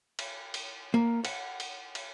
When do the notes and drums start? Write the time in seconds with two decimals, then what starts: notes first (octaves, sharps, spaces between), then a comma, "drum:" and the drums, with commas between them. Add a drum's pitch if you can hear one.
0.19 drum: cymbal
0.54 drum: cymbal
0.94 A#3
1.25 F#5, drum: cymbal
1.60 drum: cymbal
1.95 drum: cymbal